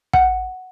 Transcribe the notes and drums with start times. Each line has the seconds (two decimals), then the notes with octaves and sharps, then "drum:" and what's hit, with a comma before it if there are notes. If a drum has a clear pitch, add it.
0.13 F#5, drum: kick